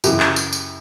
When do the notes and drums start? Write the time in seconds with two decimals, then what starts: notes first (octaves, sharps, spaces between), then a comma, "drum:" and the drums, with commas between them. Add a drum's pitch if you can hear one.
0.04 F#2 C#3 E3 G4, drum: tambourine
0.20 drum: clap
0.36 drum: tambourine
0.53 drum: tambourine